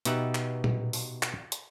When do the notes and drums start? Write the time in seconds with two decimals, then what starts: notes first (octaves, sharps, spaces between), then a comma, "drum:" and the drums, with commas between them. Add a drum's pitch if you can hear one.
0.05 B2 B3 D#4 G4 E5 F#5, drum: hi-hat
0.35 drum: clap
0.64 drum: tom A#2
0.93 drum: open hi-hat
1.23 drum: clap
1.52 drum: hi-hat